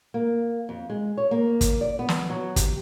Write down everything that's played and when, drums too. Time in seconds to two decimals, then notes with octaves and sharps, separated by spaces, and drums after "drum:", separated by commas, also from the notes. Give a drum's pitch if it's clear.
0.14 A#3
0.69 F2
0.90 G#3
1.18 C#5
1.31 A#3
1.61 drum: kick, hi-hat
1.81 D5
1.99 B3
2.09 drum: snare
2.30 F#3
2.56 G4, drum: kick, hi-hat